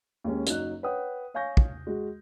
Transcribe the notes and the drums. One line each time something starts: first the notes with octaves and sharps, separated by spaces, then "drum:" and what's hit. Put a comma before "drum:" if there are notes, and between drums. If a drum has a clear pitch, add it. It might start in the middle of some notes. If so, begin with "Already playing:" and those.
D#2 G#3 C#4
F#1 F#3 D#4 F#6, drum: hi-hat
B4 C#5 F#5 G5 D#6
C#5 F5 G#5 C#6 G6 A#6
drum: kick
G#3 F#4